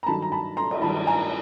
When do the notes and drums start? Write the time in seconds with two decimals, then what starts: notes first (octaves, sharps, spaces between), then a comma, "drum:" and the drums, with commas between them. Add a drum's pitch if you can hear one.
0.03 A#5
0.07 G2 D#3 F#3 A5 B5
0.22 A#5
0.32 A5 B5
0.57 A#5 C6
0.71 drum: cymbal
0.82 G2 D#3 F#3 A5 B5
1.07 G#5 A#5